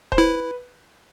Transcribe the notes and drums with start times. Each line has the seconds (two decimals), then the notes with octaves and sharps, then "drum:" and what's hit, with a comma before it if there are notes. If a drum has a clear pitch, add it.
0.12 C5, drum: kick D#1
0.17 E4 B4